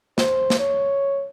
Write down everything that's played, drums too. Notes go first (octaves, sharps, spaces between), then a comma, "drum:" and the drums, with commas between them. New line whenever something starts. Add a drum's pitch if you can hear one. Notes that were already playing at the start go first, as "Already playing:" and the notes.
C5, drum: snare
drum: snare
C#5